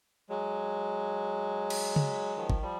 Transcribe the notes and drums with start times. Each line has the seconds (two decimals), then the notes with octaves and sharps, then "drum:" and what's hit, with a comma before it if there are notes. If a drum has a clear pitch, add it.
0.29 F#3 G#3
1.70 drum: cymbal
1.96 drum: tom C#3
2.36 D#3 F3
2.50 drum: kick
2.62 F3 G3